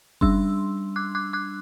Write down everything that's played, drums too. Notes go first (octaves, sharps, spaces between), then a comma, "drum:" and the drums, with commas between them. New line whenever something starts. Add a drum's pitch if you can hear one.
G3 D4 C6 E6, drum: kick F#1
D6 F#6
D6 F#6
D6 F#6